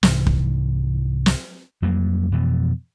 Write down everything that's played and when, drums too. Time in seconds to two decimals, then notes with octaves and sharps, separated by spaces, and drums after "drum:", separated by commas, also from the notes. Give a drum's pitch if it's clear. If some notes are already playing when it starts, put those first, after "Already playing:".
0.03 C2 G#2 E3, drum: snare
0.27 drum: kick
1.26 drum: snare
1.82 F2 F#3 G3 A#3
2.32 F2 B2 E3 F3